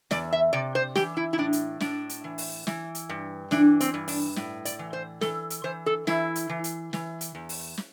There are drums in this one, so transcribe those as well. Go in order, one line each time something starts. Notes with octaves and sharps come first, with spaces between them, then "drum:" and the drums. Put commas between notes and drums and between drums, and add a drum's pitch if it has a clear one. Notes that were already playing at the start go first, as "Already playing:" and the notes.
E2 D5, drum: snare
E5
C3 D5
C5
E3 G4, drum: snare
E4
E4
A2 D4
drum: hi-hat
A2 D4, drum: snare
drum: hi-hat
E3
drum: open hi-hat
E3, drum: snare
drum: hi-hat
G2
E3 D4, drum: snare
C4, drum: hi-hat
G2
D4, drum: open hi-hat
A2, drum: snare
D5, drum: hi-hat
E3
C5
E3 A4, drum: snare
drum: hi-hat
E3 C5
A4
E3 E4, drum: snare
drum: hi-hat
E3
drum: hi-hat
E3, drum: snare
drum: hi-hat
E2
drum: open hi-hat
drum: snare